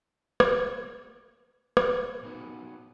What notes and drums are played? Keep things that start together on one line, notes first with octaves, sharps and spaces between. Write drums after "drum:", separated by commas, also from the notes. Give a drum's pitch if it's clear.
drum: rim click
drum: rim click
A#2 B3 C#4 D#4 F#4